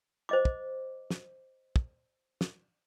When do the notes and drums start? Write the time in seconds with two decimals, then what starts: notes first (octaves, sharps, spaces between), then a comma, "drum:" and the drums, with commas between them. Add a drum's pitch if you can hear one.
0.29 C5 D#5 D6
0.45 drum: kick
1.10 drum: snare
1.76 drum: kick
2.41 drum: snare